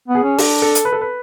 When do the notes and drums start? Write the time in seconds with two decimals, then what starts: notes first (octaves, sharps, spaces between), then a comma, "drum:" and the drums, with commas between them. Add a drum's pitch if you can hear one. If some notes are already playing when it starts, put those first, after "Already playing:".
0.08 B3
0.15 G#4
0.23 C#4
0.38 D4 A4, drum: open hi-hat
0.62 A4
0.75 drum: hi-hat
0.85 B4
0.93 A4
1.01 B4